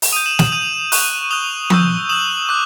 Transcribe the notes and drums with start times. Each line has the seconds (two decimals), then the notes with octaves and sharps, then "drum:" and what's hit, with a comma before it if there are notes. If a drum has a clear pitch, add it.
0.02 drum: open hi-hat
0.12 D#6 G6 D#7 F7
0.26 E7 F#7
0.39 E7 F#7, drum: snare
0.52 D#6 G6 D#7 F7
0.92 C#6 F#6, drum: open hi-hat
1.31 D#6 F#6 F7 G7
1.70 C#6 E6 G6, drum: tom F3
2.09 D#6 F#6 E7 F#7
2.49 D6 F#6